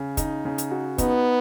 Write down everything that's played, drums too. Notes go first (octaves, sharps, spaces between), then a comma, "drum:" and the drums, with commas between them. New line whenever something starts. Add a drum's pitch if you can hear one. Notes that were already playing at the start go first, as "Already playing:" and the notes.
Already playing: C#3
D#4, drum: kick, hi-hat
C#3
drum: hi-hat
F#4
B3 D#4, drum: kick, hi-hat